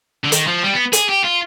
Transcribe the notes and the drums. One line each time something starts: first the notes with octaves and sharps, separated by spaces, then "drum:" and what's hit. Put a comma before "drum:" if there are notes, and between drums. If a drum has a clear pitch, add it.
D3
D#3, drum: hi-hat
F3
G3
B3
G#4, drum: hi-hat
G4
F4